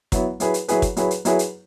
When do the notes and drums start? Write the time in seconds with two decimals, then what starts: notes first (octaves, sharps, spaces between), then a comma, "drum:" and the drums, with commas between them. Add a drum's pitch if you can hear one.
0.12 F#3 B3 E4, drum: kick, hi-hat
0.40 F#3 E4 G#4 B4, drum: hi-hat
0.54 drum: hi-hat
0.68 F#3 E4 G#4 B4, drum: hi-hat
0.82 drum: kick, hi-hat
0.97 F#3 E4 G#4 B4, drum: hi-hat
1.11 drum: hi-hat
1.25 F#3 E4 G#4 B4, drum: hi-hat
1.39 drum: hi-hat